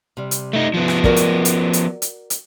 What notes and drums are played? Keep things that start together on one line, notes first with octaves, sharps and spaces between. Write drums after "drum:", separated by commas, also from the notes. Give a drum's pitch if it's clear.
C3 G3
drum: hi-hat
A3 D#4
F3 B3
drum: rim click
F#4 A#4 D5, drum: kick
drum: hi-hat
drum: hi-hat
drum: hi-hat
drum: hi-hat
drum: hi-hat